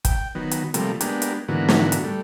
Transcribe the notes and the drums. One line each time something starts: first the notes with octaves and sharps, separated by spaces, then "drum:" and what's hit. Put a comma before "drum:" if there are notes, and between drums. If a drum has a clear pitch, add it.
G5, drum: kick, hi-hat
D#3 F#3 B3
drum: hi-hat
C3 F3 G3 A3 A#3, drum: hi-hat
G#3 A#3 B3 D4 G4, drum: hi-hat
drum: hi-hat
G#2 D3 E3 A#3 B3 F#4
drum: snare
drum: hi-hat
G3 A3